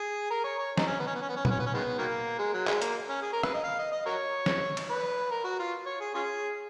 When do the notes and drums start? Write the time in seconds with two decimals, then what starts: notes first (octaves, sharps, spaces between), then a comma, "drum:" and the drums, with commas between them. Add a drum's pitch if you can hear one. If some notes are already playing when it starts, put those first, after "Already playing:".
Already playing: G#4
0.31 A#4
0.44 C#5
0.59 C#5
0.77 D#4, drum: snare
0.87 C#4
1.00 B3
1.07 C#4
1.15 B3
1.22 C#4
1.29 B3
1.36 C#4
1.45 B3, drum: tom
1.51 C#4
1.59 B3
1.67 C#4
1.74 D#3 G#3 B3
1.98 D#3 F#3 A#3
2.39 G#3
2.54 F#3
2.67 G#3, drum: clap
2.82 A#3, drum: hi-hat
3.09 C#4
3.22 G#4
3.33 A#4
3.43 B4, drum: rim click
3.54 D#5
3.64 F5
3.79 D#5
3.92 D#5
4.06 F#4 A#4 C#5
4.46 drum: snare
4.77 drum: cymbal
4.90 B4
5.31 A#4
5.45 F#4
5.60 F4
5.86 C#5
6.01 G#4
6.15 C#4 F4 G#4